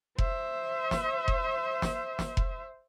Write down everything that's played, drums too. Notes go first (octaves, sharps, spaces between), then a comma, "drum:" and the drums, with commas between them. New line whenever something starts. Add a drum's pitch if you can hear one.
C5 E5, drum: kick F1
drum: snare
drum: kick F1
drum: snare
drum: snare
drum: kick F1